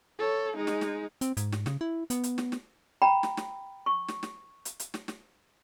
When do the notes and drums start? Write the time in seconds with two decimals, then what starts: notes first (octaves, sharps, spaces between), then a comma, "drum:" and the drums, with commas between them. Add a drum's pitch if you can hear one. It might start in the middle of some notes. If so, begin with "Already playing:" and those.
0.19 A4 C#5
0.56 G#3 D#4
0.67 drum: snare
0.81 drum: snare
1.21 C4, drum: hi-hat
1.37 G#2, drum: hi-hat
1.52 drum: snare
1.66 C#3, drum: snare
1.81 E4
2.10 B3, drum: hi-hat
2.24 drum: hi-hat
2.38 drum: snare
2.52 drum: snare
3.02 G5 A#5 B5
3.23 drum: snare
3.37 drum: snare
3.86 C#6
4.08 drum: snare
4.23 drum: snare
4.65 drum: hi-hat
4.80 drum: hi-hat
4.94 drum: snare
5.08 drum: snare